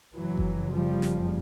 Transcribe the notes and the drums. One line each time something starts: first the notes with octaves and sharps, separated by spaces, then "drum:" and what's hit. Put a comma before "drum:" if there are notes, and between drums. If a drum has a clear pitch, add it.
F#1 F2 C#3 E3 F#3
drum: kick F#1
F3 G3
drum: snare